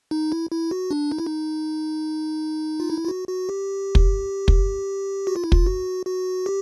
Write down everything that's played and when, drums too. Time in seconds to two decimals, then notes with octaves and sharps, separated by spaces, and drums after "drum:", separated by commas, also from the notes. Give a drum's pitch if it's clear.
0.11 D#4
0.32 E4
0.51 E4
0.71 F#4
0.91 D4
1.11 D#4
1.19 E4
1.26 D#4
2.80 F4
2.90 E4
3.05 F4
3.08 F#4
3.28 F#4
3.49 G4
3.95 drum: kick
4.48 drum: kick
5.27 F#4
5.36 F4
5.44 E4
5.52 F4, drum: kick
5.67 F#4
6.06 F#4
6.46 G4